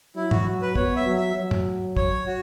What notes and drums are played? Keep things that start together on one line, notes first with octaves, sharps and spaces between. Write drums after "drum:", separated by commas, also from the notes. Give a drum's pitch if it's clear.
F#3 E4
F#4, drum: tom
B4
B3 C#5, drum: kick
E5
F#3
E5
F#3
drum: tom
C#5, drum: kick
F#4